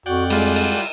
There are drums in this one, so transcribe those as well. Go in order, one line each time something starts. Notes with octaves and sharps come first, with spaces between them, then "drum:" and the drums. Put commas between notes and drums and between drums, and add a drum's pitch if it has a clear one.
F2 F#4 D5 F#5 G5
G3 G#3 F4, drum: cymbal
drum: cymbal